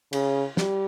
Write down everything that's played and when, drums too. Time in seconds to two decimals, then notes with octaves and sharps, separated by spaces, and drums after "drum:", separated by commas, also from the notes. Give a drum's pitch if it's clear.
0.13 C#3, drum: cymbal
0.57 G3, drum: snare